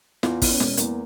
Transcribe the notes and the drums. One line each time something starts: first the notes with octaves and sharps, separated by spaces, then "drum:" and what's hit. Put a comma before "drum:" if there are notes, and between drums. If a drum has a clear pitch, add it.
E2 F4, drum: snare
E2, drum: kick, open hi-hat
C#4
E1, drum: snare
E2 A#3, drum: hi-hat